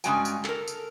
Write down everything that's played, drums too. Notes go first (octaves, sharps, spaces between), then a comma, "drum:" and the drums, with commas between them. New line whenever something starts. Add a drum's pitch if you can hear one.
G2 C#3 G#3 F#4 G5 G#5, drum: tambourine
drum: tambourine
A4 A#4, drum: clap
drum: tambourine